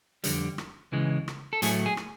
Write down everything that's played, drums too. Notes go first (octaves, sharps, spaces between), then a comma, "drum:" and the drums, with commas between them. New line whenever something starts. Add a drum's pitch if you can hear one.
F2 D3 G3, drum: hi-hat
drum: rim click
C#2 C#3 E3 G#3
drum: rim click
A4
A2 F#3 A3 G#4, drum: hi-hat
G#4
drum: rim click